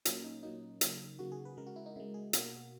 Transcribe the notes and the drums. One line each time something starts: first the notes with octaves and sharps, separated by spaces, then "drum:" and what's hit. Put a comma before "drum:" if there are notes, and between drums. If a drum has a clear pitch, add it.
A#2 F#3 A#3 C#4, drum: hi-hat
D#4
A#2 F#3 A#3 D#4
C#3 F#3 A#3, drum: hi-hat
C#3 F#3 A#3 F#4
G#4
B4
C#3 G#3 A#4
F#4
E4
D#4
C#3 G#3 E4
G#4
B2 A#3 F#4, drum: hi-hat